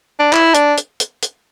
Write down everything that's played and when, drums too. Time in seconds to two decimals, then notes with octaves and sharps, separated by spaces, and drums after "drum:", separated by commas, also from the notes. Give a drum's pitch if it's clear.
0.20 D4
0.33 E4, drum: clap
0.54 D4, drum: hi-hat
0.77 drum: hi-hat
1.00 drum: hi-hat
1.22 drum: hi-hat